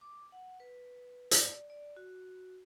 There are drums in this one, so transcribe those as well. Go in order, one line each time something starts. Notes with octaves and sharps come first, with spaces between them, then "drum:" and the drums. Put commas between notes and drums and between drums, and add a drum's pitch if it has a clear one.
D6
F#5
B4
D5, drum: hi-hat
D5
F#4